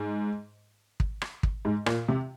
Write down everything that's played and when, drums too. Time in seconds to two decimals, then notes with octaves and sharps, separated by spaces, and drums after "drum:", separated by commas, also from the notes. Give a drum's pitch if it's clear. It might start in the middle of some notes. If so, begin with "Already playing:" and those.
Already playing: G#2
1.00 drum: kick
1.22 drum: rim click
1.43 drum: kick
1.65 G#2
1.86 A#2, drum: rim click
2.08 C3